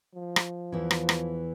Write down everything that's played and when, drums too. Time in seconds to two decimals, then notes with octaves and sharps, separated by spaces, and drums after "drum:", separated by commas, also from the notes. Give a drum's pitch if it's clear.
0.15 F3
0.36 drum: rim click
0.72 E2 E3
0.91 drum: rim click
1.09 drum: rim click